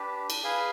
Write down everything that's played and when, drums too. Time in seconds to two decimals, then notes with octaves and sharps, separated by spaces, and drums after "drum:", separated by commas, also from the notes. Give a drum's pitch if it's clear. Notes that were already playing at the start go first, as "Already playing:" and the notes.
Already playing: D4 G4 B4
0.30 drum: cymbal
0.44 G#4 B4 F5 G#5